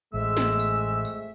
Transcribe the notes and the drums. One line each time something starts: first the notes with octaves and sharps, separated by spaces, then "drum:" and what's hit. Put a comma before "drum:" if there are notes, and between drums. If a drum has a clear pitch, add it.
A1 F2 G#3 A3 E5 E6
drum: snare
drum: tambourine
drum: tambourine